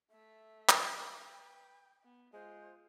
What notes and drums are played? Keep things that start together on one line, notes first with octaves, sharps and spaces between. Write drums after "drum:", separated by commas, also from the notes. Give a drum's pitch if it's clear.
A3 E5
drum: clap
B4 G5
B3
G#3 F4 C5